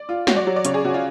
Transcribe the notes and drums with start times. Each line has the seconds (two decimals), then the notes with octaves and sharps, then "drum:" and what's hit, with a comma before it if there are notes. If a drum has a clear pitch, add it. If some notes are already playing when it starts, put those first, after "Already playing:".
Already playing: D5
0.09 F4
0.27 F#4 C#5, drum: snare
0.36 D5
0.47 F#3
0.56 D5
0.65 C#3 C#5, drum: hi-hat
0.74 G#4
0.84 C#3 F#4
0.94 F4